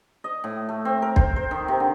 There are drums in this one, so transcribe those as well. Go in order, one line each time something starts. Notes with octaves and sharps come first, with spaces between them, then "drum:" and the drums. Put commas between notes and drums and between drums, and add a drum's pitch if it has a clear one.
D#5
A2
A3
C4
A#4
C5, drum: kick
C5
D#3
C3
D3